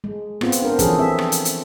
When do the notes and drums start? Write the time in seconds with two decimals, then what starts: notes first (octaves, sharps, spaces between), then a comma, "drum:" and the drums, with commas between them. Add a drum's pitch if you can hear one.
0.04 G#3
0.41 B3 C4 F4, drum: rim click
0.52 drum: hi-hat
0.62 D4 A#4 C5
0.79 E3 F3 C#4 G#4 A4 B4, drum: kick, hi-hat
0.98 C4 G#4 E5
1.19 drum: rim click
1.32 drum: hi-hat
1.45 drum: hi-hat